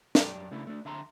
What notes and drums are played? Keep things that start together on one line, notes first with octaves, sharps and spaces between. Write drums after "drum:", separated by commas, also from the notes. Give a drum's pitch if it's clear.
F#2 G4 D5, drum: snare
C#3 A3 D4 E4
A3 D4
D3 E5 A5 A#5 C6